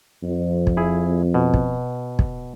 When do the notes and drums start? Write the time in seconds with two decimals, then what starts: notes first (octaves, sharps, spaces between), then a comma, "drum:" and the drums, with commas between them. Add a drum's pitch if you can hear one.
0.23 F2
0.67 drum: kick
0.77 E4 G#4
1.34 B2
1.54 drum: kick
2.19 drum: kick